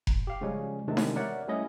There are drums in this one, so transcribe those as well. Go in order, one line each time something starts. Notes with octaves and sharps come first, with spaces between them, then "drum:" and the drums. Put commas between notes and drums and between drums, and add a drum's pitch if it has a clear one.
A#1, drum: kick F1
G4 F5
C#3 F3 G3 G#3 C#4
C3 D#3 E3 G#3 A3 D4
drum: snare D#4
A#4 C#5 D5 E5 F#5
G3 A3 C#4 E4 D#5